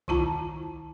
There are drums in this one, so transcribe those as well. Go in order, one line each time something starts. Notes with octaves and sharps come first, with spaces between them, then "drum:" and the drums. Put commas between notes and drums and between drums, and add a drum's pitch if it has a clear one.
D#3 E4 F4 A5 A#5, drum: kick C2